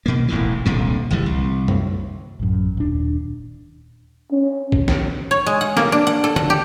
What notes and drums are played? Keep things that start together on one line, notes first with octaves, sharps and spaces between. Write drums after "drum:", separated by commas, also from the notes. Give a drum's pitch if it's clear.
B2 A#3
E1 A1 A2 E3
D#1 C2 A#2 D3
G1 C#2 E3 G3
C2
drum: tom F#2
A1 F#2
D#1 D4
C#4
drum: kick
drum: snare
C#5
G#3
F#5
A#3, drum: snare
D4
F#5
A4
F#5, drum: tom D3
G4